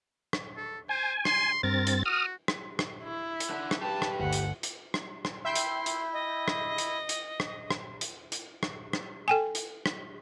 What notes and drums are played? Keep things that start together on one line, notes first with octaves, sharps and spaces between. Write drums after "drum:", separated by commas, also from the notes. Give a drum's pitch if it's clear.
drum: rim click
A4
C5 G#5
C6, drum: rim click
G2 C4 A#4 A6
drum: hi-hat
F#4 D#6 F6
drum: rim click
drum: rim click
E4
drum: hi-hat
D4 F#5
drum: rim click
G4 B4 A5
drum: rim click
G1 D2 F#5
drum: hi-hat
drum: hi-hat
drum: rim click
drum: rim click
E4 E5 G5 C6 G6
drum: hi-hat
drum: hi-hat
D#5
drum: rim click
drum: hi-hat
drum: hi-hat
drum: rim click
drum: rim click
drum: hi-hat
drum: hi-hat
drum: rim click
drum: rim click
A4 G5 G#5
drum: hi-hat
drum: rim click